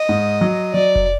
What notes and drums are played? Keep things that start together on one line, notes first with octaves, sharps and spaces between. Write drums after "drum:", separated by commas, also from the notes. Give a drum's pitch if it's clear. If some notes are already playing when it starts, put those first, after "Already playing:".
Already playing: D#5
G#2
F#3
F#3 D5
drum: kick F1